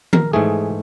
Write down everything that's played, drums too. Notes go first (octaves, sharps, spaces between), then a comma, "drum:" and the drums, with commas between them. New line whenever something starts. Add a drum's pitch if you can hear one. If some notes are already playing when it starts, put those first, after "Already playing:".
A#4, drum: tom D#3
G#2 E3 A3 G#4